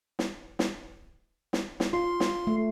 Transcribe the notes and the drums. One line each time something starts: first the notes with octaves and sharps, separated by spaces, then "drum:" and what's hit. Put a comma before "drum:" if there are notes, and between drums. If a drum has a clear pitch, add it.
drum: snare
drum: snare
drum: snare
drum: snare
F4 C6
drum: snare
A3